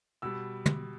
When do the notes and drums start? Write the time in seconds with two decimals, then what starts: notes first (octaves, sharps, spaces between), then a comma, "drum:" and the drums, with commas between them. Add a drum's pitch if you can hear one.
0.22 B2 G3 E6
0.66 drum: tom